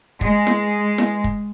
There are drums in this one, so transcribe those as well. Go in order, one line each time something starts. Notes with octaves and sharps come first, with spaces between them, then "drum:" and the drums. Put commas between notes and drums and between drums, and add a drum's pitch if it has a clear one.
G#3, drum: kick
drum: snare E4
drum: snare E4
drum: kick